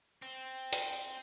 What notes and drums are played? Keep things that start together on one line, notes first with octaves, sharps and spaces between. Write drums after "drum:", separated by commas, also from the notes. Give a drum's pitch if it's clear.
C4
drum: hi-hat